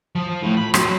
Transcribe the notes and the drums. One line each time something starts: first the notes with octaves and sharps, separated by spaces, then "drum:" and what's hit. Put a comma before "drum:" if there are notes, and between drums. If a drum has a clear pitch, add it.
F3
A2
B5
F#3, drum: rim click